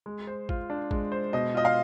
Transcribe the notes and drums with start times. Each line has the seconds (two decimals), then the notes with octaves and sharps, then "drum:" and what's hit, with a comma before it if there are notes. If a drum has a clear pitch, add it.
0.06 G#3
0.27 C5
0.49 F4, drum: kick
0.70 D4
0.91 G#3, drum: kick
1.12 C5
1.33 B2 D#5
1.54 F4 D#5
1.65 F5